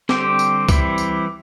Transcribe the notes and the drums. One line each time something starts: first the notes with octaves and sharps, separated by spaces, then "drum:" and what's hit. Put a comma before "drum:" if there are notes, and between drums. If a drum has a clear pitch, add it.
D3 G3 C4 G4, drum: snare
drum: tambourine
E3 G3 C4 E4, drum: kick C#2, tambourine
drum: tambourine